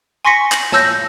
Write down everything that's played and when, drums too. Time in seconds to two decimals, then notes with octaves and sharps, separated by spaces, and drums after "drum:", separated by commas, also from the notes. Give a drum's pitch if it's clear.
0.25 G#5 C6 C#6 A#6 B6 C#7
0.52 F#7, drum: clap
0.72 C#5 A5 E6 G6 A#6, drum: snare